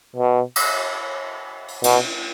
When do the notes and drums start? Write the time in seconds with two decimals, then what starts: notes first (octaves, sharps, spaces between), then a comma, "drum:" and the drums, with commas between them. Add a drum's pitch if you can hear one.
0.16 B2
0.56 drum: cymbal
1.68 drum: open hi-hat
1.84 B2, drum: cymbal